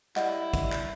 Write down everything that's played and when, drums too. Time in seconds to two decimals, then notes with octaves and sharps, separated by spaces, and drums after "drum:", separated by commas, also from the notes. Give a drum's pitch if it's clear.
0.16 G3 E4 D#5 F#5, drum: clap
0.54 drum: kick, hi-hat
0.72 drum: clap